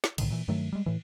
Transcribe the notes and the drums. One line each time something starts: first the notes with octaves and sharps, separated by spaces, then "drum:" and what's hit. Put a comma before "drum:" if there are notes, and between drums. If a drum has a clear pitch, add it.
drum: snare
C2 A2 D3 D#3, drum: cymbal
A#2 E3
G2 D#3 F#3 A3
G3 G#3
A2 E3